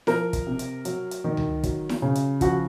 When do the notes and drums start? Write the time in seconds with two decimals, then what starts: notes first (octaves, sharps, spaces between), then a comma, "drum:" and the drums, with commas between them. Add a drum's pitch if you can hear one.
0.07 F3 A#4, drum: snare E4
0.33 drum: kick, hi-hat
0.47 C3
0.59 drum: hi-hat
0.85 F#3, drum: hi-hat
1.11 drum: hi-hat
1.24 D#3
1.37 drum: tom C#2
1.63 F#3, drum: kick, hi-hat
1.89 drum: snare E4
2.02 C#3
2.15 drum: hi-hat
2.41 F3 F#4, drum: kick, hi-hat